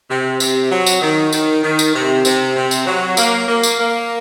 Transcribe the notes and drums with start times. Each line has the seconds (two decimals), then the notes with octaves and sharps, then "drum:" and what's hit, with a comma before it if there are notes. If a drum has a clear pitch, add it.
0.10 C3
0.40 C3, drum: tambourine
0.71 F#3
0.86 drum: tambourine
1.01 D#3
1.33 D#3, drum: tambourine
1.63 D#3
1.79 drum: tambourine
1.94 C3
2.25 C3, drum: tambourine
2.56 C3
2.71 drum: tambourine
2.86 F#3
3.17 A#3, drum: tambourine
3.48 A#3
3.63 drum: tambourine
3.79 A#3